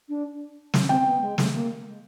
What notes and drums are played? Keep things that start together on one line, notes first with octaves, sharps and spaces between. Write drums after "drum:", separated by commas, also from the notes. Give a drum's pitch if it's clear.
D4
drum: snare
C#4
C4 G5
C4
B3
G#3
A3, drum: snare
A#3
G#3